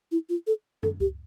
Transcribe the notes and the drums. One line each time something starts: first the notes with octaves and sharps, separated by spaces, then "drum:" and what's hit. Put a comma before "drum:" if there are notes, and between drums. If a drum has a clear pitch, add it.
E4
F4
A4
A4, drum: tom F#2
G4, drum: kick C#2